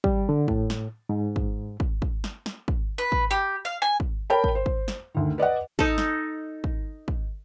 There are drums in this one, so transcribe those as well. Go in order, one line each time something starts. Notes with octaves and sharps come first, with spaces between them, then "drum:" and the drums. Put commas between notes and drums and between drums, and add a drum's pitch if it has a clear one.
G3, drum: kick
D3
A2, drum: kick
drum: snare
G#2
drum: kick
drum: kick
drum: kick
drum: snare
drum: snare
drum: kick
B4
drum: kick
G4
F5
G#5
drum: kick
A#4 C#5 G5 A5 B5
drum: kick
C5
drum: kick
drum: snare
D2 D#3
B4 D5 D#5 F#5
D#4 A4, drum: kick
drum: snare
drum: kick
drum: kick